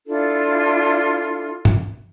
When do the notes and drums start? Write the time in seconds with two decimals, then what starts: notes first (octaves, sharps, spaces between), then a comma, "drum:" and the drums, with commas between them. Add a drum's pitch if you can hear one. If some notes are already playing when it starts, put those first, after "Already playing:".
0.06 D4 E4 F4 A4
1.65 drum: tom G2